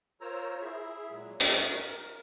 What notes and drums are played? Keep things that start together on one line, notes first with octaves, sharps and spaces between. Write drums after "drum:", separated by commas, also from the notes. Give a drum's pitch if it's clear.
F4 A#4 C5 C#5 A#5 E6
E4 G#4 E5
A#2 F#3 G#3
G#2 A3 A4 A#4 D5 C#6, drum: hi-hat
A#4